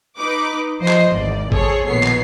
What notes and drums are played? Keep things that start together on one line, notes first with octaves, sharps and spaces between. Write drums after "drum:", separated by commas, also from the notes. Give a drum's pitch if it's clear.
D#4 B4 D6
F3 C5 D#5 C7
drum: clap
G#1 E2 D5
G#4 A4 C5 C#5, drum: kick G#1
A#1 B2 D#3 B3 C#5 C7
drum: clap